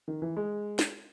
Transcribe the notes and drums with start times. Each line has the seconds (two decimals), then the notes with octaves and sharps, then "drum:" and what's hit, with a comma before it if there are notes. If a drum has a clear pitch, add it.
0.08 D#3
0.22 E3
0.37 G#3
0.79 drum: snare